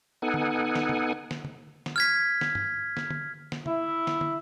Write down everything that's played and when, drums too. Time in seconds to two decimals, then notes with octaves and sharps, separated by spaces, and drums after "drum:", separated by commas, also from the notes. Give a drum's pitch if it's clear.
0.22 B3 D#4 A4 F#5 G#5
0.34 drum: tom
0.75 drum: snare
0.89 drum: tom
1.31 drum: snare
1.45 drum: tom
1.86 drum: snare
1.96 F6 G#6 B6
2.41 drum: snare
2.55 drum: tom
2.97 drum: snare
3.10 drum: tom
3.52 drum: snare
3.66 E4, drum: tom
4.07 drum: snare
4.21 drum: tom